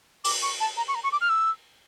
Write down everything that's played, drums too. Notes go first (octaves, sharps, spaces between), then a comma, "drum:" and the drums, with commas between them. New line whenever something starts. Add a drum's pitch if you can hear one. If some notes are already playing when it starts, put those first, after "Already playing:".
D6, drum: open hi-hat
C#6
A5
A#5
C#6
A#5
C#6
D6
F6
E6